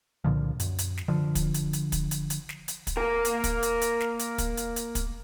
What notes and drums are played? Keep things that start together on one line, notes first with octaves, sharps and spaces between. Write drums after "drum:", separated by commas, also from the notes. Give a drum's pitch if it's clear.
C2 A#2 D3 F3
F#2, drum: hi-hat
drum: hi-hat
drum: snare
D3 F3
drum: kick, hi-hat
drum: hi-hat
drum: hi-hat
drum: kick, hi-hat
drum: hi-hat
drum: hi-hat
drum: snare
drum: hi-hat
drum: kick, hi-hat
A#3 A#4
drum: hi-hat
drum: kick, hi-hat
drum: hi-hat
drum: hi-hat
drum: snare
drum: hi-hat
drum: kick, hi-hat
drum: hi-hat
drum: hi-hat
drum: kick, hi-hat